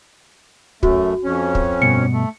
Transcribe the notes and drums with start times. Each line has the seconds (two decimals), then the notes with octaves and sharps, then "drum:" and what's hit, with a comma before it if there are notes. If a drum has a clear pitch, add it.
0.83 F#2 A3 F#4, drum: kick
1.24 F2 C#4
1.55 drum: kick
1.82 G2 B2 C#7
2.13 A3